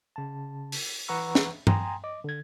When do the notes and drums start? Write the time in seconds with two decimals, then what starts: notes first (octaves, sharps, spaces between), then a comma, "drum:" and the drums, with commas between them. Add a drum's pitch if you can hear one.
0.16 C#3 A5
0.72 drum: open hi-hat
1.08 E3 B4 F#5 A#5 C#6 E6
1.35 drum: snare
1.67 G5 G#5 A#5 C6 D#6, drum: tom G2
2.04 D#5 D6
2.24 D3 G#6